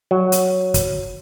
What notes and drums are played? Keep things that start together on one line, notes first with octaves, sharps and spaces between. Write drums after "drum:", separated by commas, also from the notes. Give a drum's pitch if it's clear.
F#3
drum: hi-hat
drum: kick, hi-hat